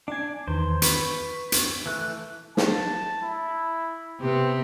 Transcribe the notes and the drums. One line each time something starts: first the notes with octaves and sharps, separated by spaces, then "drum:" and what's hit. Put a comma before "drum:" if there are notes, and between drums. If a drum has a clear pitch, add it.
D4 D5 G#5
E2 D#3 C5
B4 C#6, drum: hi-hat
drum: hi-hat
E3 A3 F#6
A5, drum: snare
E4
C3 B3 C4 G4